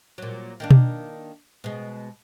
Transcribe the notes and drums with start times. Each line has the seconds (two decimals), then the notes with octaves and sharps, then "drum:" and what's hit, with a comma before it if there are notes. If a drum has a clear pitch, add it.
0.18 A#2 F#3
0.60 D#3 A#3 D4
0.71 drum: tom B2
1.64 B2 G#3